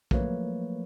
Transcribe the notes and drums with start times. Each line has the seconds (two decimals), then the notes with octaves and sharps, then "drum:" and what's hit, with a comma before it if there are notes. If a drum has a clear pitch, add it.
0.11 F3 F#3 A3 A#3 B4 C#5, drum: kick